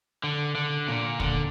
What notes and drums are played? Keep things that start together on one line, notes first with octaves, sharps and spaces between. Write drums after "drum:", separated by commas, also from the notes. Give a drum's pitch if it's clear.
D3
D3
A#2
D3, drum: kick